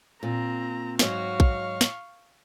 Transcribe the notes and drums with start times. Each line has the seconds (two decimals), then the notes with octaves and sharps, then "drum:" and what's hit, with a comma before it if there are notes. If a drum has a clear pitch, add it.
0.23 A#2 C4 A#5
0.99 G#2 F#3 F#4 F5 C#6, drum: snare
1.40 drum: kick
1.81 drum: snare